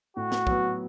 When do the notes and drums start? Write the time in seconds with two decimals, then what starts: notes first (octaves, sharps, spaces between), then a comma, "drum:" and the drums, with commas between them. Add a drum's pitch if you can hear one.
0.17 A2 F#4
0.32 drum: snare
0.47 F#3 B3, drum: kick